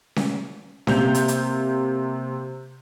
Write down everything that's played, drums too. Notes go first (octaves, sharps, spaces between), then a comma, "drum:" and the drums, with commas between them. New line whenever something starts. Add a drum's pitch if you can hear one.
drum: snare C#4
C3 A#3 G6 F7, drum: snare C#4
drum: hi-hat
drum: hi-hat